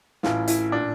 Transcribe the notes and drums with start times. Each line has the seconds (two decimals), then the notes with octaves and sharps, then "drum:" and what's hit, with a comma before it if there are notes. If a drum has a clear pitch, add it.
0.23 A1 A2 E3 F4, drum: snare
0.48 E4, drum: hi-hat
0.72 A#2 D4